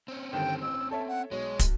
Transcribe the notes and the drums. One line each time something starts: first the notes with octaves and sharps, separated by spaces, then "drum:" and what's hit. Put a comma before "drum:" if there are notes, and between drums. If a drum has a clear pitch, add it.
C4 C#4
G2 D3 D#3 G5
A1 E6
A4 C#5 E5 A5
F#5
B1 G#3 C#5
drum: kick, hi-hat